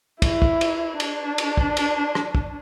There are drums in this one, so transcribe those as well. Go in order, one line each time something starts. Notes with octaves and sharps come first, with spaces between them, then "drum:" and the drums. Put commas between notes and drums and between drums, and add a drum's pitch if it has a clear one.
E4, drum: kick, cymbal
drum: kick
drum: cymbal
D4, drum: cymbal
drum: cymbal
drum: kick
drum: cymbal
drum: rim click
drum: kick